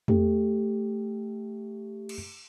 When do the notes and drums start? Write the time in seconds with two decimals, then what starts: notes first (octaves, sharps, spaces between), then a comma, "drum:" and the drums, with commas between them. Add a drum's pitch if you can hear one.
0.08 A3 G4, drum: tom
2.09 drum: cymbal